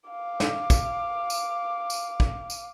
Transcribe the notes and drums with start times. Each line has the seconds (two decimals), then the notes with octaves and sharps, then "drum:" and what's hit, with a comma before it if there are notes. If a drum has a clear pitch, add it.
0.10 F5 D6
0.40 drum: snare
0.70 drum: kick, tambourine
1.30 drum: tambourine
1.90 drum: tambourine
2.20 drum: kick
2.50 drum: tambourine